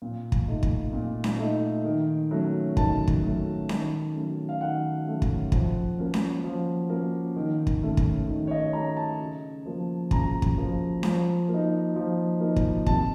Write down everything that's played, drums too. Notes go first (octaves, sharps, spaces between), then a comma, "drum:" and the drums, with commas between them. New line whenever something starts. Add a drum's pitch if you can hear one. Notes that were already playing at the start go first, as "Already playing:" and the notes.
A#2
drum: kick
A3 D#4
drum: kick
A#2
drum: snare C#4
A3 D#4
D#3
F#3 A3 C#4
D#3 A5, drum: kick
drum: kick
F#3 A3 C#4
D#3, drum: snare C#4
F#3 A3 C#4
F5
D#3 F#5
F#3 A3 C#4
drum: kick
F3, drum: kick
A#3 C#4
drum: snare C#4
F3
A#3 C#4
D#3
drum: kick
A3 C#4
drum: kick
D#3
C#5
D#5
A3 C#4 A#5
A5
C#3
F3 A#3
C#3 A#5, drum: kick
drum: kick
F3 A#3
F3, drum: snare C#4
A#3
D#4
F3
A#3 D#4
drum: kick
C3 A5, drum: kick